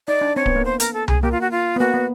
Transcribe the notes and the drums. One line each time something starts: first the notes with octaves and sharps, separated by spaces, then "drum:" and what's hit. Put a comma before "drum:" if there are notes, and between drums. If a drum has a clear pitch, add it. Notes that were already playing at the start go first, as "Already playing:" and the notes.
D#4 D5
D4
C4 C#5
B3, drum: kick D1
A#3
C5
A#4, drum: hi-hat
A4
G#4, drum: tom C2
A#3 G4
F4
F#4
F4
B3
A#3 F#4
B3